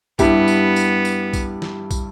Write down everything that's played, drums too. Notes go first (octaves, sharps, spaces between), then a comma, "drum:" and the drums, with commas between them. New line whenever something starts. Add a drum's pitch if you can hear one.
G2 G3 B3 E4 G4, drum: kick, tambourine
drum: tambourine
drum: tambourine
drum: tambourine
drum: kick, tambourine
drum: snare
drum: kick, tambourine